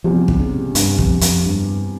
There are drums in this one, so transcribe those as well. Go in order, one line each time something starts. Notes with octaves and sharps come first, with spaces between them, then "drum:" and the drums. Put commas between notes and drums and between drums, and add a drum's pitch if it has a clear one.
E2 C3 F3 G3
drum: kick
C#3
G2, drum: hi-hat
F2, drum: kick
F2, drum: hi-hat
G2